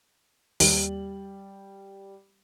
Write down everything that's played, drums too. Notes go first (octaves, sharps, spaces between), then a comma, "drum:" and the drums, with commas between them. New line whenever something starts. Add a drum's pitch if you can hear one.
D#2 G3 F#7, drum: open hi-hat